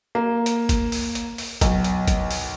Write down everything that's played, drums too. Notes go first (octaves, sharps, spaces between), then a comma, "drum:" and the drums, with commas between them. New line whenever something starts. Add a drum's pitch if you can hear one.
A#3
drum: hi-hat
drum: kick, hi-hat
drum: open hi-hat
drum: hi-hat
drum: open hi-hat
B1, drum: kick, hi-hat
drum: hi-hat
drum: kick, hi-hat
drum: open hi-hat